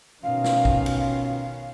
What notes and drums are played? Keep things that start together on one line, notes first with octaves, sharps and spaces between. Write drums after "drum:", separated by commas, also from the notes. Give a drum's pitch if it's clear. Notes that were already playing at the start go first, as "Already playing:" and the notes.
B2 D#3 C#4 F4 F5
drum: snare
drum: kick
drum: cymbal